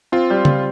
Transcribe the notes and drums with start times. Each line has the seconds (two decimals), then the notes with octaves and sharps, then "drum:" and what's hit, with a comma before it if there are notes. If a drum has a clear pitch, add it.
0.12 C4 F4
0.30 G3
0.45 drum: tom C#3